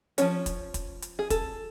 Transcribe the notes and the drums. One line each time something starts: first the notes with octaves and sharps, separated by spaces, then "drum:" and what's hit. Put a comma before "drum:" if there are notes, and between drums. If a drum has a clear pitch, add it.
F3 A#3 C#4 C#5, drum: hi-hat
drum: kick, hi-hat
drum: kick, hi-hat
drum: hi-hat
G#4
A4, drum: kick, hi-hat